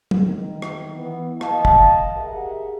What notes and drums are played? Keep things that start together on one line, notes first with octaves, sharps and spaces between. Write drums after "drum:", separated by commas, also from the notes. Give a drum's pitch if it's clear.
drum: tom
D#3
drum: rim click
E3 B3
D#5 F5 A5, drum: rim click
drum: kick
G4 G#4 A#4 E5 F#5